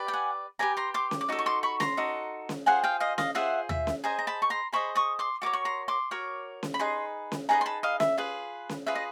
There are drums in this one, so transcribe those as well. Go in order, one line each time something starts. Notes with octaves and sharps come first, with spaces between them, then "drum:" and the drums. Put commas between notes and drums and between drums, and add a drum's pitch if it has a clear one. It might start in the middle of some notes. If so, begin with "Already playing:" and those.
Already playing: G4 B4 D5
G5
F#5 G#5
G4 B4 D5 G#5 A#5
A#5 C6
C6 D6
drum: snare C#4
D6
D#4 F#4 A4
C#6
C6 D6
B5 C#6
A#5 C6, drum: snare C#4
D#4 F#4 A4
drum: snare C#4
F4 G#4 C5 F#5 G#5
F5 G5
D#5 F5
D#5 F5, drum: snare C#4
F4 G#4 C5 E5 F#5
E5, drum: tom D#2
drum: snare C#4
G#4 C5 D#5 G#5 A#5
A#5
A5 B5
C#6
A#5 C6
G#4 C5 D#5 B5 C#6
C#6 D#6
C6 D6
F#4 A#4 C#5 D6
C#6
A#5 C6
C6 D6
F#4 A#4 C#5
drum: snare C#4
B5
D#4 G#4 B4 C6
drum: snare C#4
D#4 G#4 B4 D#5 G#5 A#5
C6
A5 B5
D#5 F5
E5, drum: snare C#4
F4 G#4 B4
drum: snare C#4
F4 G#4 B4 E5
D#5